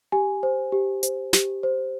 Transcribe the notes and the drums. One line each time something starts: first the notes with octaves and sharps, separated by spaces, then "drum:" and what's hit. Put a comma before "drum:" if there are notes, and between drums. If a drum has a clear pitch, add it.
G4 G#5
C5
G4
C5, drum: hi-hat
G4, drum: snare
C5